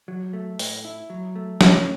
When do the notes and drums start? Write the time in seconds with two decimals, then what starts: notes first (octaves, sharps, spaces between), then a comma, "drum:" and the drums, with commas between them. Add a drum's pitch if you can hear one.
0.08 F#3
0.33 A3
0.59 A2, drum: open hi-hat
0.85 E4
1.10 F#3
1.36 A3
1.61 A2 C#4, drum: snare